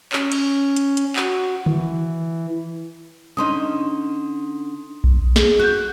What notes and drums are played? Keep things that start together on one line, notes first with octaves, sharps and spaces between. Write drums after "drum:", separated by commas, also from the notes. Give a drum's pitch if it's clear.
C#4, drum: clap
drum: cymbal
drum: hi-hat
drum: hi-hat
F#4, drum: clap
E3, drum: tom
D3 C#4 D#4 C6 D#6
drum: kick A#1
G#4, drum: snare
F#4 F#6 G6